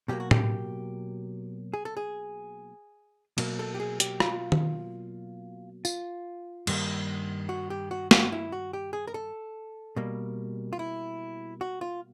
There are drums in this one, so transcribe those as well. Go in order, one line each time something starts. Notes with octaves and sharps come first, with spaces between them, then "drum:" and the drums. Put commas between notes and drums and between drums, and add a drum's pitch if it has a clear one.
B2 F#3 A#3 G4
F#4
G4, drum: tom A2
G#4
A4
G#4
B2 F#3 A#3, drum: cymbal
A4
G4
G#4
G4, drum: hi-hat
F4, drum: rim click
drum: tom D#3
F4, drum: tambourine
G2 D#3 G3 A#3, drum: cymbal
F#4
G4
F#4
F#4, drum: snare
E4
F#4
G4
G#4
A#4
A4
B2 G3 A#3
F4
E4
F#4
F4